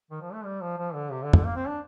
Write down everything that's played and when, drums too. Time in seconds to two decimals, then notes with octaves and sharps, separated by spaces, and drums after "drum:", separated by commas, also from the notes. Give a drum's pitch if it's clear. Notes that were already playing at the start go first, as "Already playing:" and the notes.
0.11 D#3
0.21 F3
0.33 A3
0.44 G3
0.61 F3
0.78 F3
0.94 D3
1.11 C3
1.23 D3
1.33 D3, drum: tom
1.45 A#3
1.56 C4
1.67 D4